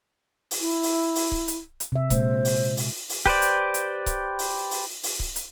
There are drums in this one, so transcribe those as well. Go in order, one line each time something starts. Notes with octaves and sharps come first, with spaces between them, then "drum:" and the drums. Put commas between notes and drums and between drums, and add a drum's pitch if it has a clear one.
drum: open hi-hat
E4
drum: open hi-hat
drum: open hi-hat
drum: kick C#1
drum: hi-hat
drum: hi-hat
C3 E5
A#2 G#3 C5, drum: kick C#1, hi-hat
drum: open hi-hat
drum: open hi-hat
drum: open hi-hat
G4 B4 C5 D5, drum: kick C#1
drum: hi-hat
drum: hi-hat
drum: kick C#1, hi-hat
drum: open hi-hat
drum: open hi-hat
drum: open hi-hat
drum: kick C#1
drum: hi-hat